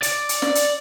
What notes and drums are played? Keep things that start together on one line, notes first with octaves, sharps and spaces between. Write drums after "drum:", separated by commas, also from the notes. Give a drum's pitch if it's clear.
D5, drum: hi-hat
drum: hi-hat
drum: snare
drum: hi-hat